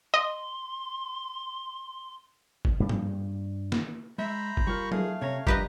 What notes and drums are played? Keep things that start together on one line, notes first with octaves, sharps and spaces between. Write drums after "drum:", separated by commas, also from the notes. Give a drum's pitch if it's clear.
D#5 C6
drum: kick
G2 G3
drum: tom G#2
drum: snare
G#3 C5 E5 A#5 B5
drum: kick
G3 F4 A#4 C#6
A3 G#4 F5, drum: tom F#3
C3 C#4 C#5 A#5
G2 F3 G3 G4 B4 D#5 A#5, drum: kick